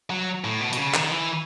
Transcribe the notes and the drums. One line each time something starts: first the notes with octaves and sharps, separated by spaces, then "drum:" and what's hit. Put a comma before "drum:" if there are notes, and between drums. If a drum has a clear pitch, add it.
F#3
A2
B2
B2, drum: hi-hat
C#3
D#3, drum: clap
E3